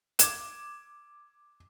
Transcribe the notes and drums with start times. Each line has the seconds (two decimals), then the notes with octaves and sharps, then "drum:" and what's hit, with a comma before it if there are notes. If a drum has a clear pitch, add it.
0.19 D6 G#6 E7, drum: hi-hat